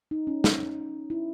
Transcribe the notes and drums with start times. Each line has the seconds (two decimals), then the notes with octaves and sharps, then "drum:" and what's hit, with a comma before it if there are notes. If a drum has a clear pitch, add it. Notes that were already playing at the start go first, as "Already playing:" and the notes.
0.11 D#4
0.27 C#4
0.44 D#4, drum: snare
1.10 E4